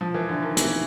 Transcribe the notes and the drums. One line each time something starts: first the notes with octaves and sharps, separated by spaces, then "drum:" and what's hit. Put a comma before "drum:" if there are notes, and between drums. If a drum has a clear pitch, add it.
F3
E3
D3
D#3
E3, drum: hi-hat